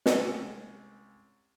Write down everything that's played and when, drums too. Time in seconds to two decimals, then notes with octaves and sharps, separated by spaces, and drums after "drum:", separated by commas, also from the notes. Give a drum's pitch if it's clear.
0.06 C2 G#3 C#4 G#4 G5 E6, drum: snare